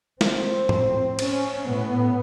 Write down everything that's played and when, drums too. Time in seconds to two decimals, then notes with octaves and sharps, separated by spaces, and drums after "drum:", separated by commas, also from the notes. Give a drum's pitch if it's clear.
0.21 C4, drum: snare
0.69 A2, drum: tom G#2
1.19 C#4, drum: cymbal
1.68 A2 B3